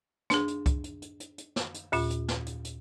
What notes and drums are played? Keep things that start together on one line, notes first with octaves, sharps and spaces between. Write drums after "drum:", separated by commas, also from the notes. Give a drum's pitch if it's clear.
D4 G#4, drum: snare
drum: hi-hat
drum: kick, hi-hat
drum: hi-hat
drum: hi-hat
drum: hi-hat
drum: hi-hat
drum: snare
drum: hi-hat
D#2 A#2 F4, drum: open hi-hat
drum: hi-hat
drum: snare
drum: hi-hat
drum: hi-hat